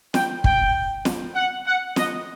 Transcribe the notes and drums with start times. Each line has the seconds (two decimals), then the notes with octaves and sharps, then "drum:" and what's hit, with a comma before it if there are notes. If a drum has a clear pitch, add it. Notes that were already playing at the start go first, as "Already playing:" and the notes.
0.14 G5, drum: snare
0.44 G5, drum: kick
1.05 drum: snare
1.35 F#5
1.66 F#5
1.96 D#5, drum: snare